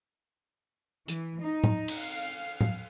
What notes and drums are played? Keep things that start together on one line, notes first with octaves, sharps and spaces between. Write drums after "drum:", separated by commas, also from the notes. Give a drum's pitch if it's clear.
E3, drum: hi-hat
D#4
drum: tom A2
drum: cymbal
F5
drum: tom A2